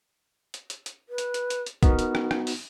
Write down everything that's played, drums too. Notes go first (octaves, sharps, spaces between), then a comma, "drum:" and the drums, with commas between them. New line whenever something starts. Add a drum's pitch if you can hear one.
drum: hi-hat
drum: hi-hat
drum: hi-hat
B4
drum: hi-hat
drum: hi-hat
drum: hi-hat
drum: hi-hat
B3 D#4 F#4 A#4, drum: kick, hi-hat
drum: hi-hat
drum: rim click
drum: rim click
drum: open hi-hat